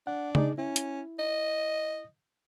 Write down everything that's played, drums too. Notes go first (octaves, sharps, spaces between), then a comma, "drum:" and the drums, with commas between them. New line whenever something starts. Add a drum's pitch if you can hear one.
D4 F#5
D#4 G#4 D5, drum: tom C#3
C#4 E4
drum: hi-hat
D#5